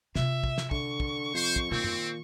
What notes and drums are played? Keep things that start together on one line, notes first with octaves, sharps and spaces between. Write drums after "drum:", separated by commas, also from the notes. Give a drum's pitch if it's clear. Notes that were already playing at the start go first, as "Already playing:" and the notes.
C3 F4 E5, drum: snare
drum: kick
drum: snare
D3 C#6, drum: kick
drum: kick
F2 C5
drum: kick
A#2 D#3 C4
drum: tom